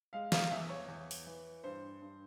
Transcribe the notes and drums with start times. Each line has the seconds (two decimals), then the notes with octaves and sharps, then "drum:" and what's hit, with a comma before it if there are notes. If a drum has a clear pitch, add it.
0.13 G#3 F5
0.32 F5, drum: snare
0.51 E2 E5
0.69 C#5
0.88 E2
1.11 drum: open hi-hat
1.27 E3
1.64 G2 C5
2.01 G2